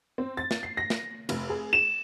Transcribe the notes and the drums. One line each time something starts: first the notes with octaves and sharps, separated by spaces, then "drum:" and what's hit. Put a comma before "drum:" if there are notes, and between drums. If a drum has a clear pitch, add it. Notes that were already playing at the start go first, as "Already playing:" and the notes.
C4
A6
drum: snare
C7
A#6
drum: snare
F1, drum: cymbal
G#4
E7